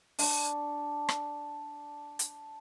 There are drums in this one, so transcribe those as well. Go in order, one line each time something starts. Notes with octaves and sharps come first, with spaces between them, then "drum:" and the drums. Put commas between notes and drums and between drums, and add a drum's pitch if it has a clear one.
D4 C#6, drum: open hi-hat
drum: rim click
drum: hi-hat